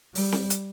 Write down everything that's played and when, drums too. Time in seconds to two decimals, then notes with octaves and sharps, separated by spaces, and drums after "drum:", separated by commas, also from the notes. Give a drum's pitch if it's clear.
0.15 G3, drum: open hi-hat
0.32 drum: snare C4
0.50 drum: hi-hat